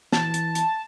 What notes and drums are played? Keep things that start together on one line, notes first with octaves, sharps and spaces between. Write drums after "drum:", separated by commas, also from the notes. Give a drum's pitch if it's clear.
E3 A5, drum: snare
drum: hi-hat
drum: hi-hat